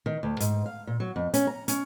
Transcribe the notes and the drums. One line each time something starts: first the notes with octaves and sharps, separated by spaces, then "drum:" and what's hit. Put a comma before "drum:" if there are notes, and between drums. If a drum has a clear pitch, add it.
D#3
D2
G#2, drum: hi-hat
F5
A#2
F#3
F2
C#4, drum: hi-hat
A#5
C#4, drum: hi-hat